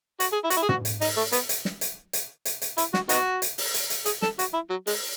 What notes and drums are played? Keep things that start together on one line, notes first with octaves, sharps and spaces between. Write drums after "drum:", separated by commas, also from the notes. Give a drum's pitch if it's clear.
F#4, drum: hi-hat
G#4
E4
F#4, drum: hi-hat
E4
G#4
F#4, drum: tom
drum: hi-hat
D#4, drum: open hi-hat
A3
B3, drum: hi-hat
drum: hi-hat
drum: snare
drum: hi-hat
drum: hi-hat
drum: hi-hat
drum: hi-hat
E4, drum: hi-hat
F#4, drum: snare
B3 D#4 F#4, drum: hi-hat
drum: hi-hat
drum: open hi-hat
drum: hi-hat
drum: hi-hat
G#4, drum: hi-hat
A4, drum: snare
F#4, drum: hi-hat
E4
F#3
G#3, drum: open hi-hat